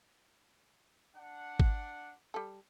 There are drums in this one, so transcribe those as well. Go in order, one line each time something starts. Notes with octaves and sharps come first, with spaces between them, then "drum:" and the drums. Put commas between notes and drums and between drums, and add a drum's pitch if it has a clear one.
D4 F#5
drum: kick G#1
G3 A4